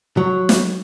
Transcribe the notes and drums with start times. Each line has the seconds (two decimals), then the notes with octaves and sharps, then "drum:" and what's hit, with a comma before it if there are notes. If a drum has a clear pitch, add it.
0.17 F#3
0.49 drum: snare